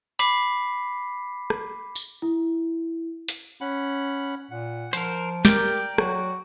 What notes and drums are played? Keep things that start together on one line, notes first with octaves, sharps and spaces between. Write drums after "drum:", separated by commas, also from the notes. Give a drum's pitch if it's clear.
B5 D6 B6 C7, drum: hi-hat
drum: rim click
drum: tambourine
E4
drum: hi-hat
C#4 F#5 B5
A#2 F#5
F3 A#4 C5, drum: hi-hat
G4 A#4 D5 G5 A#5, drum: snare
F#3 F#4, drum: rim click